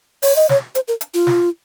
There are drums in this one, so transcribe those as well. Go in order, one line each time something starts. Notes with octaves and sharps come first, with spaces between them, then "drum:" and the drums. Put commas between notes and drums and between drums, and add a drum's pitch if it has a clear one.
C#5, drum: open hi-hat
D#5
C#5, drum: snare
C5, drum: hi-hat
A#4
drum: hi-hat
F4
drum: snare